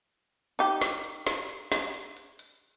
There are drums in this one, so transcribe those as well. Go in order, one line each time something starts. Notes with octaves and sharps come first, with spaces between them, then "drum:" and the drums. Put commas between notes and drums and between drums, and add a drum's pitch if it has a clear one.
D#4 G4, drum: hi-hat
drum: snare
drum: hi-hat
drum: snare
drum: hi-hat
drum: snare
drum: hi-hat
drum: hi-hat
drum: hi-hat